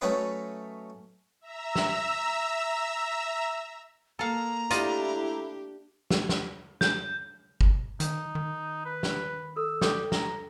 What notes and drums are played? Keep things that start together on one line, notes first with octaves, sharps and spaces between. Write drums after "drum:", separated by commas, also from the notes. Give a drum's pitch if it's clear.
F#3 A3 C#4 D#4 B4 D#5
E5 A#5 E6
drum: snare
A#3 A4 F5 A#5
A3 D4 E4 F4 G4 D5 D#5, drum: hi-hat
drum: snare
drum: snare
G6, drum: snare
drum: kick G1
D#3 D#4, drum: hi-hat
D#3
B4
drum: snare
A4 E6
G4 A4 D5 G5, drum: snare
A#5, drum: snare